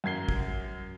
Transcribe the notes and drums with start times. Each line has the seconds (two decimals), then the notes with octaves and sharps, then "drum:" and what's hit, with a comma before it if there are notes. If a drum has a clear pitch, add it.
0.04 F#2 A#4 G#6 C7 G7
0.29 drum: kick